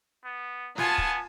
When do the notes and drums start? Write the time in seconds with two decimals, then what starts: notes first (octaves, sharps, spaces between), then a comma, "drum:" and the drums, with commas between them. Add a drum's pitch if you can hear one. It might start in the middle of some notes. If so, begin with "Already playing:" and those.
0.25 B3
0.78 B3 F4 G#5 A5, drum: snare
0.98 drum: kick